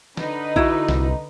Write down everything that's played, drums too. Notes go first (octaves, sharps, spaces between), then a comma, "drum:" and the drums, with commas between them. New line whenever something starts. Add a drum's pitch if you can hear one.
D3 D#4 B4, drum: snare
E4 F#4, drum: kick A#1
C2, drum: snare